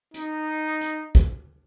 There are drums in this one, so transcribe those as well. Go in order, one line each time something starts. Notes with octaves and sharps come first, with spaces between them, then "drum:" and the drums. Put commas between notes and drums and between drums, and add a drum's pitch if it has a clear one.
D#4, drum: hi-hat
drum: hi-hat
drum: kick